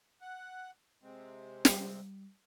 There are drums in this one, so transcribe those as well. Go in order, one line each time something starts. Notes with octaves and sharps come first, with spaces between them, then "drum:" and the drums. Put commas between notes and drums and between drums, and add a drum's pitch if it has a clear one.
F#5
C3 G#3 C4
G3, drum: snare